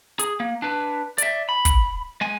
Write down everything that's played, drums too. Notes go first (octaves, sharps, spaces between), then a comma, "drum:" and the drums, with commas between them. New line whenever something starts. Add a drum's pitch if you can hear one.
G#4, drum: hi-hat
A#3
D4 B4
D5 E5, drum: hi-hat
B5
drum: kick, hi-hat
G#3 G#5